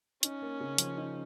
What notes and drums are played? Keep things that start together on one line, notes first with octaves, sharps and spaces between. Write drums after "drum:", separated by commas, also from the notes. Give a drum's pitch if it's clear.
C#4 D#4, drum: hi-hat
A#3
C#3
F3, drum: hi-hat
D#4